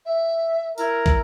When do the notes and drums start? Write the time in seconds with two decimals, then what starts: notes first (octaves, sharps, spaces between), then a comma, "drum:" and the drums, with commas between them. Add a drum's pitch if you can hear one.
0.05 E5
0.78 E4 A#4, drum: tambourine
1.06 drum: kick